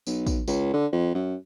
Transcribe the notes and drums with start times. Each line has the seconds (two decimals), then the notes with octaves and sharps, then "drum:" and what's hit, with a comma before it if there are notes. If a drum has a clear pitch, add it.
0.07 B1, drum: tambourine
0.27 drum: kick, tambourine
0.48 C#2, drum: tambourine
0.74 D3
0.93 F2
1.15 F#2